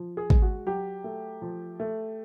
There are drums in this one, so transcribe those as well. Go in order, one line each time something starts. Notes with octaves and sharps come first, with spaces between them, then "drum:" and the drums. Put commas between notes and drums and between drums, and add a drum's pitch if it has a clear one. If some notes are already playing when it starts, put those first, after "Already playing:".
Already playing: F3
G#4
G#3, drum: kick
F#4
F#3 G4
A3
F3
A3